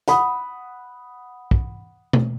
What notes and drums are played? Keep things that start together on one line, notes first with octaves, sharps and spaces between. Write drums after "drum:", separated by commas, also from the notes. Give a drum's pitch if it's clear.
F#5 B5 D#6, drum: hi-hat
drum: kick
drum: tom B2